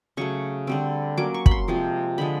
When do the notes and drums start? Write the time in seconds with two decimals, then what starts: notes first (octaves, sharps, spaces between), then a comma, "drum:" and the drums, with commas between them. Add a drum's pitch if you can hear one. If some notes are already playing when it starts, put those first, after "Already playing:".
0.17 C#3 F#3 A3 C#6
0.67 D3 G3 C4
1.17 F#3 A#3 C#4 D6
1.34 C#6
1.46 B5, drum: kick
1.51 C6
1.68 C3 F3 G#3
2.18 D3 F3 G#3 B5